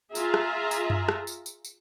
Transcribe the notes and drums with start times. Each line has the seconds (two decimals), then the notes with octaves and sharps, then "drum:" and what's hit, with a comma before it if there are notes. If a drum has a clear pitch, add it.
0.15 F4 G#4 E5 A#5, drum: tambourine
0.34 drum: rim click
0.71 drum: tambourine
0.90 drum: tom F#2
1.09 drum: rim click
1.27 drum: tambourine
1.46 drum: tambourine
1.65 drum: tambourine